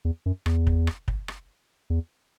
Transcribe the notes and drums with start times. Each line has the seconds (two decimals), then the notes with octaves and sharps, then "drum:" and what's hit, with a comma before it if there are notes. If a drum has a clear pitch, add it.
0.05 E2
0.26 F#2
0.46 E2, drum: rim click
0.67 drum: kick
0.87 drum: rim click
1.08 drum: kick
1.28 drum: rim click
1.90 E2